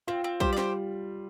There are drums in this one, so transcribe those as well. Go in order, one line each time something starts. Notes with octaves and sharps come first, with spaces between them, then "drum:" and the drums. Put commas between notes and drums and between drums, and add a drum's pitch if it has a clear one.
C4 F4
C4
G3 G4 C5, drum: kick
D5
G4 C5, drum: snare